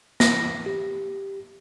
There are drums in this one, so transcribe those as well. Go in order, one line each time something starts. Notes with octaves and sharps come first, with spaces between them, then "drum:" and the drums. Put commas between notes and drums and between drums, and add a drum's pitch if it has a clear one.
A#6, drum: snare
G4